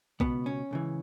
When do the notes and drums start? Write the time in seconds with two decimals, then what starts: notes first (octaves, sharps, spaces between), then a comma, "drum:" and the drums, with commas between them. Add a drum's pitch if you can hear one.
0.20 C#2 B2 B3, drum: kick B1
0.46 C#4
0.71 C#2 C#3 E3